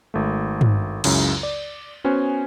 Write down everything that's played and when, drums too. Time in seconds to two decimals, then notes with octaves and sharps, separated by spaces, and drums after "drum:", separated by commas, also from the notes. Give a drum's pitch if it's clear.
0.14 G#1 A3
0.61 drum: tom
1.04 C#2 F#2 C#3 E4, drum: cymbal
1.43 D5
2.04 B3 C#4 F#4 C5 G#5